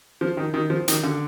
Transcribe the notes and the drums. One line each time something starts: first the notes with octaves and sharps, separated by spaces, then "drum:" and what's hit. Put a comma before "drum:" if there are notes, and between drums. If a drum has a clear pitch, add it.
F3
D#3
D#3
F3
D#3, drum: hi-hat
D3